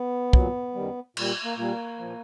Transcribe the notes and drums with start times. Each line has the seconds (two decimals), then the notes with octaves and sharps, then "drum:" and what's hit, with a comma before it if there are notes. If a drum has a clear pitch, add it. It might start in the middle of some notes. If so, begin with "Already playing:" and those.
Already playing: B3
0.33 A#2 F#3, drum: kick
0.75 F#2 D#3 G3
1.17 A#2 G3, drum: cymbal
1.44 A#3
1.57 A#2 G3 A#3
1.99 A#2 F3